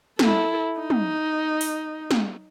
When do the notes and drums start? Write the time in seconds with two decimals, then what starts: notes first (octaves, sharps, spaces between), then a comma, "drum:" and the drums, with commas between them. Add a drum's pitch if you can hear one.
0.19 E4 A4, drum: snare
0.80 D#4
0.90 drum: tom
1.61 drum: open hi-hat
2.11 drum: snare